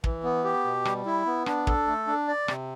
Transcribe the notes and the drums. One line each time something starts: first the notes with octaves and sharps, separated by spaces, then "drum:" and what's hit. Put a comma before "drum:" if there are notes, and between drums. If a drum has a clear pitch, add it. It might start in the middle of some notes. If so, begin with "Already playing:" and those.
E3, drum: kick
B3
G4
B2
G3, drum: rim click
E4
B3
D4, drum: rim click
A4, drum: kick
A3
D4
D5
C3, drum: rim click